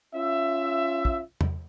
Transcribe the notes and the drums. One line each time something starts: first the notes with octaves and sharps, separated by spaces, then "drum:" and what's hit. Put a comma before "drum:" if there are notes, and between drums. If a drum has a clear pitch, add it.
C#4 F4 E5
drum: kick
drum: tom E2